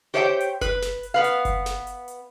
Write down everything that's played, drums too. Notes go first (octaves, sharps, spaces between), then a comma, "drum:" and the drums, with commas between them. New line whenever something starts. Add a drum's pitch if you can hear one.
G4 C5 C#5 E5 F#5 G5
drum: hi-hat
B4, drum: kick F#1, hi-hat
drum: snare
drum: hi-hat
B3 B4 F5
drum: hi-hat
drum: kick F#1, hi-hat
drum: snare
drum: hi-hat
drum: hi-hat